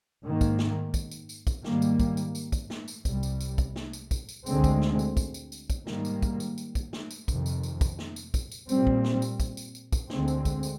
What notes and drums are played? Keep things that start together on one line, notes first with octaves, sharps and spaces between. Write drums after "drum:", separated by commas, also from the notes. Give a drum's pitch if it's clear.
G#2 D#3 A#3
drum: kick, tambourine
drum: snare
drum: kick, tambourine
drum: tambourine
drum: tambourine
drum: kick, tambourine
G#2 D#3 G3 A#3, drum: snare
drum: tambourine
drum: kick, tambourine
drum: tambourine
drum: tambourine
drum: kick, tambourine
drum: snare
drum: tambourine
C2 C3 G3, drum: kick, tambourine
drum: tambourine
drum: tambourine
drum: kick, tambourine
drum: snare
drum: tambourine
drum: kick, tambourine
drum: tambourine
D2 D3 G#3 C4, drum: tambourine
drum: kick, tambourine
drum: snare
drum: tambourine
drum: kick, tambourine
drum: tambourine
drum: tambourine
drum: kick, tambourine
G#2 D#3 G3 A#3, drum: snare
drum: tambourine
drum: kick, tambourine
drum: tambourine
drum: tambourine
drum: kick, tambourine
drum: snare
drum: tambourine
F2 C3 D#3, drum: kick, tambourine
drum: tambourine
drum: tambourine
drum: kick, tambourine
drum: snare
drum: tambourine
drum: kick, tambourine
drum: tambourine
A#2 G3 C4, drum: tambourine
drum: kick
drum: snare
drum: tambourine
drum: kick, tambourine
drum: tambourine
drum: tambourine
drum: kick, tambourine
D2 D3 G#3 C4, drum: snare
drum: tambourine
drum: kick, tambourine
drum: tambourine